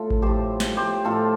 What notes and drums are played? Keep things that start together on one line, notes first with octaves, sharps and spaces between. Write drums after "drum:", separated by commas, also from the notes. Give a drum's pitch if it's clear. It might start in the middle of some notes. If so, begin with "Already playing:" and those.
Already playing: A2 F4 A4
drum: kick A1
A2 F3 G4 C5
drum: snare
G4 C5
A2 F3 F4 A4